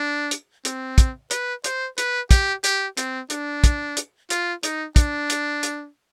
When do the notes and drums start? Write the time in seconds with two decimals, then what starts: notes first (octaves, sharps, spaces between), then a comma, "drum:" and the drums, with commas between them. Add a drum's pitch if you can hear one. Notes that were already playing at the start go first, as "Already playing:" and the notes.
Already playing: D4
0.31 drum: hi-hat
0.65 C4, drum: hi-hat
0.98 drum: kick, hi-hat
1.31 B4, drum: hi-hat
1.64 C5, drum: hi-hat
1.98 B4, drum: hi-hat
2.31 G4, drum: kick, hi-hat
2.64 G4, drum: hi-hat
2.97 C4, drum: hi-hat
3.30 D4, drum: hi-hat
3.64 drum: kick, hi-hat
3.97 drum: hi-hat
4.30 F4, drum: hi-hat
4.63 D#4, drum: hi-hat
4.96 D4, drum: kick, hi-hat
5.30 drum: hi-hat
5.63 drum: hi-hat